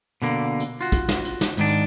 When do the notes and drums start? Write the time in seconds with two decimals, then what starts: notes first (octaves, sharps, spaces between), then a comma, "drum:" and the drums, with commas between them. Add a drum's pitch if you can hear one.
0.22 B2 D3 A#3
0.60 drum: hi-hat
0.81 F4 F#4
0.92 drum: kick, hi-hat
1.09 drum: snare
1.25 drum: hi-hat
1.41 drum: snare
1.57 G#2 D#3 D4, drum: hi-hat